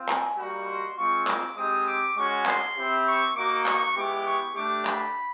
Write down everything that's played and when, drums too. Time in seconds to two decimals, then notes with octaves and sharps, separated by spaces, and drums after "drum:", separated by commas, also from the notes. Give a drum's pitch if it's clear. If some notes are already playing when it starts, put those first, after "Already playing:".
Already playing: C4 F4
0.09 G#5, drum: clap
0.37 G3 A#3 D#4 F#4 B5
0.67 C6
0.97 G#3 C4 F4 C#6
1.27 D6, drum: clap
1.56 G#3 C4 D#4 G4 D#6
1.86 D6
2.16 G#3 C#4 F#4 C#6
2.46 C6, drum: clap
2.77 C4 E4 G4
3.06 C#6
3.35 A#3 D#4 F#4 D6
3.66 C#6, drum: clap
3.96 G#3 B3 E4 G4 D6
4.26 C#6
4.55 A3 D4 G4 D6
4.85 B5, drum: clap